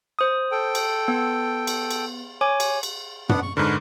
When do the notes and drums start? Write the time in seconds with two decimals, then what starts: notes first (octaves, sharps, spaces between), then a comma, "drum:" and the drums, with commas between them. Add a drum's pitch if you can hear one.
0.19 C5 D#6
0.51 A4 G5
0.75 drum: cymbal
1.08 B3
1.67 drum: cymbal
1.91 drum: cymbal
2.41 C#5 G#5 D6
2.60 drum: cymbal
2.83 drum: cymbal
3.29 B3 D4 F#5, drum: tom
3.43 C#6
3.57 G#2 D3 A#4 B4 C#6